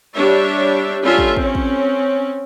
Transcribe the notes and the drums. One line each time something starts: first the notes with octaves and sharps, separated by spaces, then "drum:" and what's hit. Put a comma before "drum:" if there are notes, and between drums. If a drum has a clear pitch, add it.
G3 D4 C#5 E5
G3 C#4 F4 A4 E5 G#5
drum: kick
C4 C#4, drum: kick
drum: kick